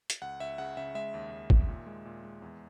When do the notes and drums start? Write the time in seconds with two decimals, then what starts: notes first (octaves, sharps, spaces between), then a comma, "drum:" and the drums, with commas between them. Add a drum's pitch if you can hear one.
0.10 drum: hi-hat
0.22 C#2 F#5
0.40 C#2 E5
0.58 C#3 F#5
0.77 C#3 E5
0.95 G#3 E5
1.14 D#2
1.32 D#2
1.50 D#2, drum: kick
1.68 A#2
1.86 G#3
2.05 A#2
2.24 G#3
2.42 E2